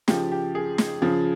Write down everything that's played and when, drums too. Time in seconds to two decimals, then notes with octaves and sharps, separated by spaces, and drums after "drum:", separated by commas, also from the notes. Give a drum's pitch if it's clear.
0.08 C#3 F3 G4, drum: snare
0.32 G4
0.55 G#4
0.78 drum: snare
1.02 C#3 F3